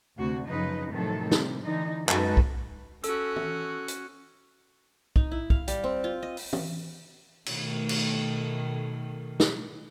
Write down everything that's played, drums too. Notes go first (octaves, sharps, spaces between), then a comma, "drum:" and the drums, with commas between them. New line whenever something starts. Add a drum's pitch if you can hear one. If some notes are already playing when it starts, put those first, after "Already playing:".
D2 C3 F#4
F#2 C#3 F3 D#4 B4 D#5
A2 C3 D#3 F3 F#3 A4
C3 G3, drum: snare
D3 E3 D#4
F#2 G#3 D#4 F#4 A4 B4, drum: clap
drum: kick B1
C#4 F#4 A4 E6, drum: hi-hat
drum: tom
drum: hi-hat
D#4, drum: kick B1
E4
F5, drum: kick B1
G3, drum: hi-hat
C4
F4
D#5
drum: open hi-hat
drum: tom
B2 D#3 A3, drum: cymbal
drum: cymbal
drum: snare